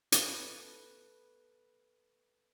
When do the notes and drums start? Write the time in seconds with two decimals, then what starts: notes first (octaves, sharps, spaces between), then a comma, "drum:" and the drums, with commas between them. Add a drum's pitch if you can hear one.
0.12 A4 B4, drum: hi-hat